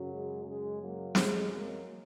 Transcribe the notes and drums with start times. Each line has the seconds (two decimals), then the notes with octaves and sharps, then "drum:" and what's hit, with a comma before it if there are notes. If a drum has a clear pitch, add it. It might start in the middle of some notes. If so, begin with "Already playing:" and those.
Already playing: F#2 C#3 F#3
0.09 G#3
0.44 F#2 C#3 F#3 G#3
0.79 F#3 A#3
1.15 F#2 F#3 G#3, drum: snare
1.49 F#3 A#3